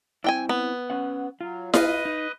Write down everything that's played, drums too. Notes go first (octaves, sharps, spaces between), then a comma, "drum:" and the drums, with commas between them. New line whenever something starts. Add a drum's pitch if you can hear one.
C4 D4 E4 G5 G#5
B3
C#4 F#5
F#3 F4
B4 D#5 F5, drum: snare E4
D#4